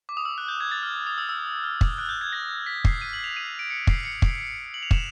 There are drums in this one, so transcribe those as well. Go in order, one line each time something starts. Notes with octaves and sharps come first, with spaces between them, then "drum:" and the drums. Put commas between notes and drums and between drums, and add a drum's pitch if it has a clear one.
D6
D#6
E6
F#6
G6
G#6
A6
F6
D#6
E6
E6
F6
drum: kick
F#6
G6
G#6
A#6
B6
C7, drum: kick
D#7
F#7
F7
D#7
D#7
D7
C#7
C7, drum: kick
C#7
drum: kick
F#7
F7
E7, drum: kick